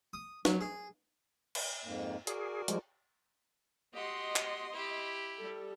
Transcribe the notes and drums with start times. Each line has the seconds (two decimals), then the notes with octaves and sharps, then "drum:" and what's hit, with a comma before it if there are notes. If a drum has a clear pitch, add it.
0.13 D#6
0.45 F#3, drum: snare
0.61 G#4
1.55 drum: cymbal
1.85 F2 G#2 A#3
2.27 F#4 G#4 A#4 D5, drum: hi-hat
2.68 F3 G3 G#3, drum: hi-hat
3.94 F#4 G4 D#5 C6
4.36 drum: clap
4.72 E4 G4
5.39 G3 A4